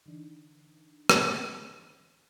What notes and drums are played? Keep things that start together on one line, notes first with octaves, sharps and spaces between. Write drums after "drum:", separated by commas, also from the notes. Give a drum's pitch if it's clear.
D3 E3 D4 D#4
drum: rim click